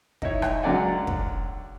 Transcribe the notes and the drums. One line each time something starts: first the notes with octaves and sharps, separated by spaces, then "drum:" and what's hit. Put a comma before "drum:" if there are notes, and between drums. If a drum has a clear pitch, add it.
D#4 E4 C#5, drum: kick
drum: rim click
C#2 D3 F#3 D5 F#5 G#5
drum: kick